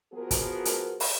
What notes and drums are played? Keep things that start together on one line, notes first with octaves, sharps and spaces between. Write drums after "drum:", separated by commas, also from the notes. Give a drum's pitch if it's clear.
F3 B3 F#4 G#4 A#4
drum: kick, hi-hat
drum: hi-hat
drum: open hi-hat